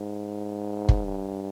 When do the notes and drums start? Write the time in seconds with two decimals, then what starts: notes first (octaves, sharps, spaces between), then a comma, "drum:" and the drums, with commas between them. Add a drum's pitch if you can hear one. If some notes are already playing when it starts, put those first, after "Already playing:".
Already playing: G#2
0.89 drum: kick
1.04 G2